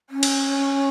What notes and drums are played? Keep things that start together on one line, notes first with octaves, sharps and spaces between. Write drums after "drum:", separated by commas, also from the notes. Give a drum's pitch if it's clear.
C#4
drum: cymbal